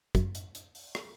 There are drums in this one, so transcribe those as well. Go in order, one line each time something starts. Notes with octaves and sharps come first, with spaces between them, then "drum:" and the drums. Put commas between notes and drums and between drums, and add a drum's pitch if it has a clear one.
F#2, drum: kick, hi-hat
drum: hi-hat
drum: hi-hat
drum: open hi-hat
drum: rim click